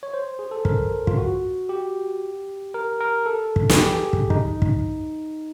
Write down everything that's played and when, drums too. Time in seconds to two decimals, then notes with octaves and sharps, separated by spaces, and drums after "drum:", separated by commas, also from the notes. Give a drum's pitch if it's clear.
0.03 C#5
0.14 C5
0.39 G#4
0.51 A4
0.65 A#4, drum: kick
1.07 F4, drum: kick
1.17 F#4
1.69 G4
2.74 A#4
3.00 A#4
3.26 A4
3.56 drum: kick
3.69 G#4, drum: snare
3.79 G4
4.13 drum: kick
4.30 D#4, drum: kick
4.62 drum: kick